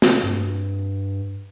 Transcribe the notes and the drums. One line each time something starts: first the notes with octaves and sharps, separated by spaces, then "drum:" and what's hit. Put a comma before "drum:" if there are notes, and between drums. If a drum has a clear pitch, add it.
drum: snare
G2